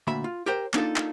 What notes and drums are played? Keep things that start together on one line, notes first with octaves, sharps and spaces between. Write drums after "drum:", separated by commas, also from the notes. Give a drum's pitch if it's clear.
D2 A#2 E5 B5
F4
G4 A#4 C5 G5
A#3 D4 D#4 F4 A4, drum: clap
drum: clap